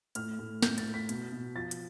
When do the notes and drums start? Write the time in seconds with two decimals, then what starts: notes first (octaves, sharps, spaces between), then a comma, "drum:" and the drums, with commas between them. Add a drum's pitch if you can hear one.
0.15 A2 F6, drum: hi-hat
0.39 A2
0.62 A2 G6, drum: snare
0.78 A6, drum: hi-hat
0.85 A2
0.94 B6
1.09 B2, drum: hi-hat
1.32 B2
1.55 F3 A6
1.71 drum: hi-hat